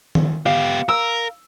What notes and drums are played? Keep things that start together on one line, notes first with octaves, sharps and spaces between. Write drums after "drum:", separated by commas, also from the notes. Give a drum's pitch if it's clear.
drum: tom D#3
B3 G4 F5
A#4 E6